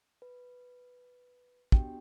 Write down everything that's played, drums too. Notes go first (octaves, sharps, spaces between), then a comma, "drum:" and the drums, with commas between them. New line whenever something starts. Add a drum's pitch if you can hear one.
B4
B3 D4 F#4 G4 G5, drum: kick